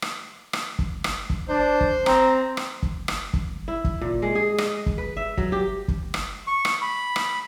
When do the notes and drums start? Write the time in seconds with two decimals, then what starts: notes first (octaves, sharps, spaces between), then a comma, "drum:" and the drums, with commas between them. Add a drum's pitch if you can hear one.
0.02 drum: rim click
0.53 drum: rim click
0.79 drum: kick
1.04 drum: rim click
1.30 drum: kick
1.49 D4 C5
1.81 drum: kick
2.06 C4 A#5, drum: rim click
2.57 drum: rim click
2.83 drum: kick
3.08 drum: rim click
3.33 drum: kick
3.68 E4
3.84 drum: kick
4.01 A#2
4.22 G#3
4.35 G#4
4.58 D#5, drum: rim click
4.86 drum: kick
4.98 B4
5.17 E5
5.38 F#3, drum: kick
5.52 G4
5.88 drum: kick
6.14 drum: rim click
6.47 C#6
6.65 drum: rim click
6.82 B5
7.16 drum: rim click